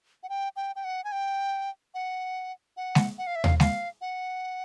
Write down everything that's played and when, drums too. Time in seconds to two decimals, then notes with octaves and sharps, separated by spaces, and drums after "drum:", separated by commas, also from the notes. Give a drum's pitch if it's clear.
0.23 F#5
0.29 G5
0.56 G5
0.76 G5
0.84 F#5
1.04 G#5
1.12 G5
1.94 F#5
2.77 F#5
2.95 drum: snare
3.18 F#5
3.27 F5
3.36 E5
3.44 F5, drum: tom D#2
3.60 F5, drum: snare
4.01 F#5